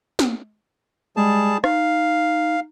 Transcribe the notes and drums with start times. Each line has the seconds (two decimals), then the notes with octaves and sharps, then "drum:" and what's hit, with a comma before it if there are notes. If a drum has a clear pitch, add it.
0.19 drum: snare A#3
1.17 G3 G#3 G#4 A5
1.64 D#4 F5, drum: rim click